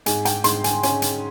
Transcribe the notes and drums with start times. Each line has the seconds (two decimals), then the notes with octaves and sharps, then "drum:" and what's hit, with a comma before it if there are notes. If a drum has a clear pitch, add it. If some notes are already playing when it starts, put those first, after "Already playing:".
0.06 G#2 G#5, drum: hi-hat
0.25 G5, drum: hi-hat
0.44 G#2 C6, drum: hi-hat
0.64 G#5, drum: hi-hat
0.83 C#4 G#5, drum: hi-hat
1.02 drum: hi-hat